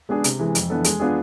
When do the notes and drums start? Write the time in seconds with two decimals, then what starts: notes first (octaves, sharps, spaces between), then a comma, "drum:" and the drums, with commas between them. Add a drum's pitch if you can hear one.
0.09 G#3 B3 D4 G#4
0.24 C3, drum: hi-hat
0.39 E3 G#3
0.55 F2, drum: hi-hat
0.70 E3 B3 D4 A4
0.84 G#3, drum: hi-hat
1.00 B3 D4 F4 G#4